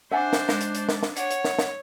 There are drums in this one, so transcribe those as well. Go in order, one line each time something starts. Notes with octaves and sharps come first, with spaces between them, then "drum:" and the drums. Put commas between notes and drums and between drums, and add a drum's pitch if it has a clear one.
D4 C5 E5 F#5 G#5
drum: snare
G#3, drum: snare
drum: hi-hat
drum: hi-hat
drum: snare
drum: snare
C#5 F#5, drum: hi-hat
drum: hi-hat
drum: snare
drum: snare